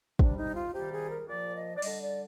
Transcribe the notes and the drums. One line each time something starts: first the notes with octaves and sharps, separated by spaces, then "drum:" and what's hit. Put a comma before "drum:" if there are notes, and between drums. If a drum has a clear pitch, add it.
C3 G3 D4, drum: kick
D#4
F4
C3 D#3 G3 G4
G#4
A#4
A#2 F3 D5
D#5
D5
D3 G3 D#5, drum: open hi-hat
D5